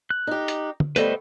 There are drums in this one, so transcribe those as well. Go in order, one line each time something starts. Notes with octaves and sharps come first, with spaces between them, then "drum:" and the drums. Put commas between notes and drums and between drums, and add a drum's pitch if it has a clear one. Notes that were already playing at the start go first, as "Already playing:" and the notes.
F#6
D#4 G4
drum: hi-hat
drum: tom
G3 A3 B3 B4 C5 D#5, drum: hi-hat